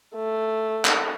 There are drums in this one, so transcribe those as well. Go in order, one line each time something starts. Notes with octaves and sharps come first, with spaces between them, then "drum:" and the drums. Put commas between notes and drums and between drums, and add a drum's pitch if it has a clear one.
A3
drum: clap